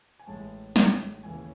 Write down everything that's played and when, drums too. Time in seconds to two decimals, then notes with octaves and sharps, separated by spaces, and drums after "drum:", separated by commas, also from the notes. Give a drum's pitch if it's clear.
0.19 G#5
0.27 A1 A2 G#3 A5
0.76 A1 A2 G#3, drum: snare
1.23 D#2 C#3 E3 A3 G#5